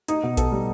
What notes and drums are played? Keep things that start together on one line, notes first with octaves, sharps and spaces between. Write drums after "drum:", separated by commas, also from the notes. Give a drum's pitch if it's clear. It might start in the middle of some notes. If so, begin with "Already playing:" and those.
D#4, drum: hi-hat
B2
A4, drum: kick A#1, hi-hat
G3